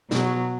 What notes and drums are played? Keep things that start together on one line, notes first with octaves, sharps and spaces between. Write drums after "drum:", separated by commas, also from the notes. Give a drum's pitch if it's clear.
B2 F#3, drum: snare